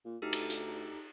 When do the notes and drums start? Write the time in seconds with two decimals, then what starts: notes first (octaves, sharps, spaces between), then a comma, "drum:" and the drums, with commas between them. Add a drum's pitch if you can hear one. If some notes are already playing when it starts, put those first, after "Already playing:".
0.05 A#2
0.22 D2 D#4 G4 A4
0.33 drum: cymbal
0.50 drum: hi-hat